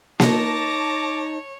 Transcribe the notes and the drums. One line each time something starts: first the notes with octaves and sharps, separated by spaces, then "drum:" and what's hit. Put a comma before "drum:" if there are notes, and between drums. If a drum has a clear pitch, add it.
D#4 C#5 A5 D6 A#6, drum: snare A#3